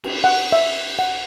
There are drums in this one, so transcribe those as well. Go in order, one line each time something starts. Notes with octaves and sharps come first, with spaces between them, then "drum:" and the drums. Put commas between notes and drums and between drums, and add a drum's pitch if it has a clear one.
drum: cymbal
F#5
E5
F#5